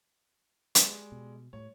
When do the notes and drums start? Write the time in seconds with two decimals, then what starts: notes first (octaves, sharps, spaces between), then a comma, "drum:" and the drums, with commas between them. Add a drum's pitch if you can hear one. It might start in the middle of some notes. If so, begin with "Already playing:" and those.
0.75 G3 G#3, drum: hi-hat
1.12 B2
1.53 A2 G3 C#5